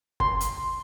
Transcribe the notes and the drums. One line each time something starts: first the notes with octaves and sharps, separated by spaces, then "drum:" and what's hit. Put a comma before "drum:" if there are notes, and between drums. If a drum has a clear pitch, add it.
C6, drum: kick G1
drum: hi-hat